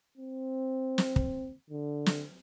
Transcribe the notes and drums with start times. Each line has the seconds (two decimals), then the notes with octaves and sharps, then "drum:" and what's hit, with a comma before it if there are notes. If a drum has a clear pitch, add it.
0.18 C4
0.98 drum: snare
1.16 drum: kick
1.70 D3
2.06 drum: snare